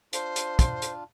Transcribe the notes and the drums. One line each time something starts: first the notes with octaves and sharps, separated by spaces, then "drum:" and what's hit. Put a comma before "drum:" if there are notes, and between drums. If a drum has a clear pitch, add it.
D4 F4 C5, drum: hi-hat
drum: hi-hat
drum: kick, hi-hat
drum: hi-hat